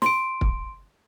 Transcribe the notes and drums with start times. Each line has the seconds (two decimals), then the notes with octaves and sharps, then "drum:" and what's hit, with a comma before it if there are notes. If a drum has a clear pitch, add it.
0.02 C6 D7, drum: snare
0.41 drum: kick